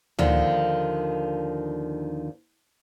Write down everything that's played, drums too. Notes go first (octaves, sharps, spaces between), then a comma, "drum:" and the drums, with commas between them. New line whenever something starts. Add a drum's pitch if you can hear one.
D#2 D3 D#3 F3, drum: tom D2